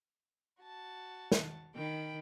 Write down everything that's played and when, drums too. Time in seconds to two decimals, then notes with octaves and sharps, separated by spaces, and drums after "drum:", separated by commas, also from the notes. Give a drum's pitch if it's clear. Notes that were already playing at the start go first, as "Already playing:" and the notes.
0.62 F#4 A5
1.32 drum: snare
1.75 D#3 G5 B5